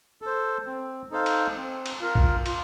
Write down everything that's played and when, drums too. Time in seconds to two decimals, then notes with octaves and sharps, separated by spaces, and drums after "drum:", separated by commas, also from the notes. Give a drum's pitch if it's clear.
0.22 A4 C5
0.66 C4
1.11 D#4 A4 C5 F5
1.26 drum: cymbal
1.56 C4
1.86 drum: cymbal
2.00 F4 A#4
2.15 drum: kick B1
2.46 F4, drum: cymbal